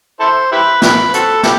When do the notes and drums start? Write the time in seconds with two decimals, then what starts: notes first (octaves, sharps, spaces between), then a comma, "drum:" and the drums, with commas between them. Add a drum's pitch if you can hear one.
0.20 E4 A4 C5
0.52 E4 G4 B4
0.82 E4 G4 B4, drum: snare
1.14 C4 F#4 A4, drum: hi-hat
1.43 B3 E4 G4, drum: snare